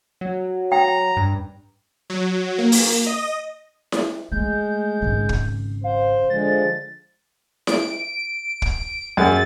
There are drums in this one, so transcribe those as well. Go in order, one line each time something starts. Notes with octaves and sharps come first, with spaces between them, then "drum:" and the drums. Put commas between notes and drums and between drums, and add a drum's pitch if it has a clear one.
F#3
G5 A#5
G2
F#3
A#3
drum: open hi-hat
D#5
drum: snare E4
G#3 A3 G6
G#1 C#3
drum: kick
C5 F5
D3 F3 G#3 A6
D7, drum: snare E4
drum: kick
F#2 G#4 A6